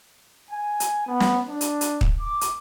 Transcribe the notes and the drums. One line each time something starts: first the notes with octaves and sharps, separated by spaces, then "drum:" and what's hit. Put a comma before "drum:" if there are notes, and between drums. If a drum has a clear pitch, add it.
G#5
drum: hi-hat
B3
drum: snare
D4
drum: hi-hat
drum: hi-hat
drum: kick
D6
drum: hi-hat